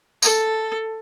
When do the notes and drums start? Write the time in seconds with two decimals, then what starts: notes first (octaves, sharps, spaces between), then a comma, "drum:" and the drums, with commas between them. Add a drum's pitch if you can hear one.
0.22 A4, drum: tambourine